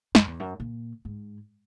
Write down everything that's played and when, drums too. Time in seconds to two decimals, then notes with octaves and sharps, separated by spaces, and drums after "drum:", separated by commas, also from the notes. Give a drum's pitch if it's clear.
0.15 F#2, drum: snare
0.27 E2
0.40 F#2
0.60 A#2
1.05 G#2